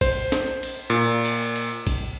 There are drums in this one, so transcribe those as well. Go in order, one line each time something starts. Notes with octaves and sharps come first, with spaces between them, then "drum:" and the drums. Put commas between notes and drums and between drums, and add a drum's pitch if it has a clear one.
C5, drum: kick, cymbal
drum: snare
drum: cymbal
A#2
drum: cymbal
drum: cymbal
drum: kick, cymbal